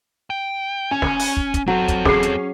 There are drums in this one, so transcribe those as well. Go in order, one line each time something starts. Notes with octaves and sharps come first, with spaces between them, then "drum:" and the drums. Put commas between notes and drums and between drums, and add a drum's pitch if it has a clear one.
G5
C#4 G#5
drum: snare
drum: open hi-hat
drum: kick
drum: kick, hi-hat
F#3 C4 A4 C5
drum: kick, hi-hat
C#4 G#4 C7, drum: snare
drum: hi-hat